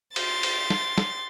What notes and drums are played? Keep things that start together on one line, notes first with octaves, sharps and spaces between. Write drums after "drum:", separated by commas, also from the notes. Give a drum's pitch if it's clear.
C6 A6, drum: cymbal
drum: cymbal
drum: snare
drum: snare